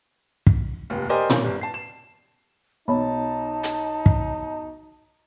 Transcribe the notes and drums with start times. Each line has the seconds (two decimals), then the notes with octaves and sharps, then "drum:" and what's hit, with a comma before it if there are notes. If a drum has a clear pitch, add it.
0.47 drum: kick
0.90 F1 D#2
1.09 G4 A#4 C5 D5 D#5 G#5
1.30 D#3 A#3 C4 C#4, drum: tom
1.42 G1 G3
1.61 A5 C7
1.74 E7
2.88 B1 D#4 C#5 A5 B5
3.63 drum: hi-hat
4.06 drum: kick